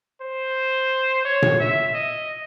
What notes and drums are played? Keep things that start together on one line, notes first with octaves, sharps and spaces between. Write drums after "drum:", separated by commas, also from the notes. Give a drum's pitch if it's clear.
C5
C#5
drum: tom A#2
E5
D#5